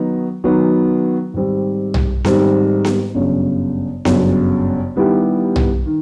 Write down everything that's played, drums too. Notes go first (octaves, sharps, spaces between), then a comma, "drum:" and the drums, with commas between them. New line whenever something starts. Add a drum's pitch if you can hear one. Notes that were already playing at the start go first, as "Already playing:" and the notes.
Already playing: D#3 F#3 B3 D#4
D#3 F#3 B3 D#4
G#2 D#3 G3 C4
drum: tom B1
G#2 D#3 G3 C4, drum: snare B3
drum: snare B3
G1 F#2 C#3
G1 F#2 C#3, drum: snare B3
D#3 G3 B3 E4 G4
drum: tom B1
D#3